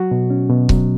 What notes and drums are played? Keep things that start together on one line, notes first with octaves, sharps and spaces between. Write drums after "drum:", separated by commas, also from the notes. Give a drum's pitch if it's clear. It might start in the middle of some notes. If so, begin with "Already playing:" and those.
Already playing: F#3 F#4
B2
C#4
B2
F#3, drum: kick C#1